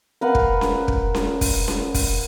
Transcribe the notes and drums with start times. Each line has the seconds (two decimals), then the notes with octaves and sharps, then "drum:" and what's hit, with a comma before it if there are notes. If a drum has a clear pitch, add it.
0.21 A#4 B4 F5 F#5
0.35 drum: kick
0.61 drum: snare C#4
0.88 drum: kick
1.15 drum: snare C#4
1.41 drum: kick, open hi-hat
1.68 drum: snare C#4
1.94 drum: kick, open hi-hat